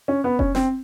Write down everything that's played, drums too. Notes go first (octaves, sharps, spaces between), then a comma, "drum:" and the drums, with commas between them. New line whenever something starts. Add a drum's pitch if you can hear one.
C#4
B3
C#4, drum: kick F1
C4, drum: snare